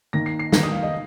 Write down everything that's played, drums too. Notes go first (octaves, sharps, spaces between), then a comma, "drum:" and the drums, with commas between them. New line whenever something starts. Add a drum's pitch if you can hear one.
D#3 A#3 D#4 A#6
C7
C7
D#3 A#3 D#4 A#6, drum: snare
D#6
F5
D#5